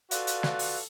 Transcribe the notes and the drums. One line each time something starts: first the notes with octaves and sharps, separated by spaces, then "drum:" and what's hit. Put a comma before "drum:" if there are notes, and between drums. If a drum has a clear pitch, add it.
F4 F#4 A4 B4 D5 F5, drum: hi-hat
drum: hi-hat
drum: snare
drum: open hi-hat